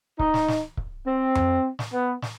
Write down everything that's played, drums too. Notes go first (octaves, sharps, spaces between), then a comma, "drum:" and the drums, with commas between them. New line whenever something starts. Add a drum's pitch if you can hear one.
D#4, drum: kick C#1
drum: snare
drum: snare
drum: kick C#1
C4
drum: tom F2
drum: snare
B3
drum: snare